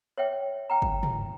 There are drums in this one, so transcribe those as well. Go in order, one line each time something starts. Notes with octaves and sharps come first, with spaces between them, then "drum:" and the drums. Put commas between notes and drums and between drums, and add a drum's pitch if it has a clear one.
C#5 E5 G5
G5 A#5
drum: kick
drum: tom